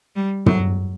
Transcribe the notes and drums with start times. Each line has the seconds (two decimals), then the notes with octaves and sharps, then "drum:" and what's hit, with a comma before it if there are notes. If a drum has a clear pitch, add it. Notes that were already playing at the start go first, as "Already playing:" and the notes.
0.16 G3
0.46 F#3, drum: tom